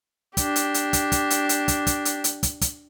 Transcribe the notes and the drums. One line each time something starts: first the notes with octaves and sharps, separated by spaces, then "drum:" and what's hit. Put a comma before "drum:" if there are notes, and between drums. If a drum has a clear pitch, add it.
D4 G4, drum: kick, hi-hat
drum: hi-hat
drum: hi-hat
drum: kick, hi-hat
drum: kick, hi-hat
drum: hi-hat
drum: hi-hat
drum: kick, hi-hat
drum: kick, hi-hat
drum: hi-hat
drum: hi-hat
drum: kick, hi-hat
drum: kick, hi-hat